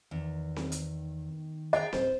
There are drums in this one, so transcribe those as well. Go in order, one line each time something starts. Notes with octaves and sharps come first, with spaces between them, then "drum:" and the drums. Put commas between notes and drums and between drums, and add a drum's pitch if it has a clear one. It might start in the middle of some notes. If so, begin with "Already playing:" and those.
E2 D#3
drum: snare C4
drum: hi-hat
G#4 D#5 G5 A#5
D1 C5, drum: snare C4